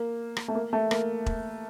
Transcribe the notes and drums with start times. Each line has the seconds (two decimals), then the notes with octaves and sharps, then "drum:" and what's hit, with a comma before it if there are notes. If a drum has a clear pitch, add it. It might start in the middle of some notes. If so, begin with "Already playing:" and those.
Already playing: A#3
0.37 drum: rim click
0.48 A3
0.55 A#3
0.73 A3
0.91 A#3, drum: rim click
1.26 drum: kick E1